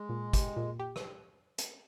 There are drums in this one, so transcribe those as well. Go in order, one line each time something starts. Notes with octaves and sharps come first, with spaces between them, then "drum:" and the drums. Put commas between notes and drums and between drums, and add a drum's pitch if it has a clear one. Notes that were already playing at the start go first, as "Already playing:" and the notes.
Already playing: G#3
A#2
G4, drum: kick, hi-hat
A#2
G4
drum: rim click
drum: hi-hat